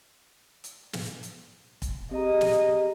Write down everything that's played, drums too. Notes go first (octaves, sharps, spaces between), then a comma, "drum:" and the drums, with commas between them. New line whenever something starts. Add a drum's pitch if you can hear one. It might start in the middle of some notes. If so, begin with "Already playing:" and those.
drum: hi-hat
drum: snare
drum: hi-hat
drum: kick, hi-hat
C4 G4 G#4 D#5 A#5
drum: snare